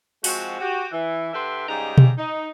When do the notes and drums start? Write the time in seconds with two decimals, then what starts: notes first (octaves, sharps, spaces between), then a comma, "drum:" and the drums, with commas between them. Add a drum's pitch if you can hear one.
0.24 F3 G#3 C4 F#4, drum: open hi-hat
0.61 F#4 G4
0.93 E3
1.34 D3 G4 B4 E5 G5 C6
1.69 G#2 C#3 G3 D#4 G4 A#5
1.98 drum: tom B2
2.18 D#4